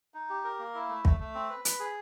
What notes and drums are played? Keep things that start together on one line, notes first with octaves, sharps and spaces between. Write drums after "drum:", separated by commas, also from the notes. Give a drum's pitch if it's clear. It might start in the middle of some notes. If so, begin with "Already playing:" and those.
D#4
G4
A#4
A#3
E4
A3
A3, drum: kick
A3
C4
B4
B4, drum: hi-hat
G#4